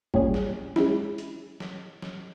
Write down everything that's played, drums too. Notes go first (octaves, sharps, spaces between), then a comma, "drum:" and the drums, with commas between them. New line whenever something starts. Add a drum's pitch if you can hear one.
A#2 G3 C#4 G#4, drum: kick
drum: snare
G#3 C#4 E4, drum: snare
drum: hi-hat
drum: snare
drum: snare